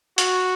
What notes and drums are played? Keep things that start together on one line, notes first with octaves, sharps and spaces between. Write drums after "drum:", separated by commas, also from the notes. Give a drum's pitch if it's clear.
F#4, drum: hi-hat